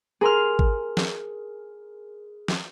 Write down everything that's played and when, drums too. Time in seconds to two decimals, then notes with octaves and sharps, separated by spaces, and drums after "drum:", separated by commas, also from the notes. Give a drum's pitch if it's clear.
0.21 G#4 A#4 C6 F6
0.59 drum: kick G#1
0.97 drum: snare
2.48 drum: snare